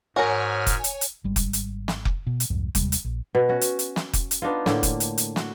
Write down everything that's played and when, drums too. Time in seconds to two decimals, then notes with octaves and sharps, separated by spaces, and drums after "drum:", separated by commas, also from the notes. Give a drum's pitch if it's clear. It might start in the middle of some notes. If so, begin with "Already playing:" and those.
0.16 G#2 F#4 A#4 C#5 G#5 F6
0.67 drum: kick F1, hi-hat
0.84 drum: hi-hat
1.01 drum: hi-hat
1.24 G#1 G3 G#3
1.36 drum: kick F1, hi-hat
1.53 drum: hi-hat
1.88 drum: snare
2.05 drum: kick F1
2.27 B2
2.40 drum: hi-hat
2.50 C2 F2 G#2
2.75 D#2 C3 G3 G#3, drum: kick F1, hi-hat
2.92 drum: hi-hat
3.05 A#1
3.35 B2
3.49 C#4 F#4
3.61 drum: hi-hat
3.79 drum: hi-hat
3.96 drum: snare
4.13 drum: kick F1, hi-hat
4.31 drum: hi-hat
4.42 B3 D4 D#4 F4
4.66 A2 D3 A#3, drum: snare
4.83 drum: kick F1, hi-hat
5.00 drum: hi-hat
5.18 drum: hi-hat
5.36 F#4, drum: snare